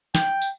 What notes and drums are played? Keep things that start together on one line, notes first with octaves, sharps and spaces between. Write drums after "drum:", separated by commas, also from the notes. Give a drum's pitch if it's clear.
G5, drum: snare
drum: tambourine